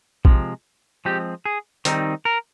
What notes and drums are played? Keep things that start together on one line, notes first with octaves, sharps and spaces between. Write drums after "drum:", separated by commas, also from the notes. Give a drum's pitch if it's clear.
C3 F3 G#3, drum: kick A#1
F3 G#3 C4 G4
G#4
D#3 G3 C4 D#4, drum: hi-hat
A#4